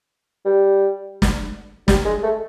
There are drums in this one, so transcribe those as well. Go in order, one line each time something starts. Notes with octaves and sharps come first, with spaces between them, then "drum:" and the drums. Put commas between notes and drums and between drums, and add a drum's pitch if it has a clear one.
G3
drum: snare
G3, drum: snare
G#3
A3